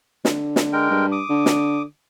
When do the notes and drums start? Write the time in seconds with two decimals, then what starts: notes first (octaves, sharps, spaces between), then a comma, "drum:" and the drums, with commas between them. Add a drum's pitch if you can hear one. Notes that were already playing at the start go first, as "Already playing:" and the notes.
0.25 D3, drum: snare
0.56 drum: snare
0.73 G#3 A#4 G5
0.91 G2
1.12 D6 D#6
1.29 D3
1.46 drum: snare